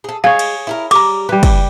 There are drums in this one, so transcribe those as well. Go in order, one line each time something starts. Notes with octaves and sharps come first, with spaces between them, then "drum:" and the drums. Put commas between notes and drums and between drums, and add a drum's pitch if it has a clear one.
G#4 A4
G#3 G#4 C#5 F5
drum: cymbal
E4 A4 A#4
G3 A#5 D6, drum: cymbal
E3 G3 B4
drum: kick, cymbal